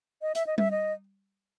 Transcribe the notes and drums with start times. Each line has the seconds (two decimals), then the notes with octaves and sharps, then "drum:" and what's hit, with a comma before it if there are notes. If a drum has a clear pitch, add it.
0.22 D#5
0.35 E5, drum: hi-hat
0.47 D#5
0.58 E5, drum: tom G3
0.71 D#5